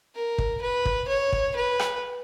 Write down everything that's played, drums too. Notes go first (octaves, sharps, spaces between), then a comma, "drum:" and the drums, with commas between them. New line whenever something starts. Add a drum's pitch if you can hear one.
A#4
drum: kick
B4
drum: kick
C#5
drum: kick
B4
drum: rim click